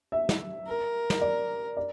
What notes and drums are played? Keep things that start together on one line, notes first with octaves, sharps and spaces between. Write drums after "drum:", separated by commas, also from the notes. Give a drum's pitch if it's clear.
E5
drum: snare
A#4
drum: snare
D5
D5